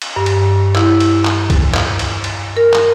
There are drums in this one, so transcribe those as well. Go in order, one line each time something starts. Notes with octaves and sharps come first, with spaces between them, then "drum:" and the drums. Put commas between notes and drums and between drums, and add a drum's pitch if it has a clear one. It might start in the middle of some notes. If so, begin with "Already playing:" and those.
drum: cymbal
G2
drum: cymbal
E4, drum: clap
drum: cymbal
drum: clap
drum: kick, cymbal
drum: clap
drum: cymbal
drum: cymbal
A#4
drum: clap